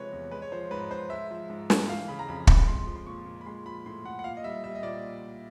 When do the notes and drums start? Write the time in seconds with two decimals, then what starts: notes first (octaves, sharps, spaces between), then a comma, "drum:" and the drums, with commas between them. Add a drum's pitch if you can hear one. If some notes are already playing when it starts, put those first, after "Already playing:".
Already playing: C3 F3 G#3 B4 C#5
0.13 E2
0.31 G#3 B4
0.42 C#5
0.52 F3 C5
0.71 G#2 B4
0.91 G#2 C5
1.10 G#3 E5
1.31 F3
1.50 G#2
1.70 G#2, drum: snare
1.89 E3 F5
2.08 C#3 B5
2.19 A#5
2.28 F2 B5
2.47 F2 B5, drum: kick
2.68 G#3 C6
2.87 F3
2.96 C6
3.06 A#2 C#6
3.26 A#2
3.41 B5
3.46 G#3 C6
3.66 F3 B5
3.86 A2 C6
4.05 A2 F#5
4.19 F#5
4.24 A#2 F5
4.37 D#5
4.44 G3 E5
4.64 G3 E5
4.75 D#5
4.83 A#2 D5